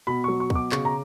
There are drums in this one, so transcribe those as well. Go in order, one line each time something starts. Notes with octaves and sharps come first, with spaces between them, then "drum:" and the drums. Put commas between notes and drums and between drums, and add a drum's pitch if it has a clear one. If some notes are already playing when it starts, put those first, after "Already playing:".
B2 B5
F#3 C#6
C#6
B2, drum: kick
D6
C#3 C#6, drum: clap
A#5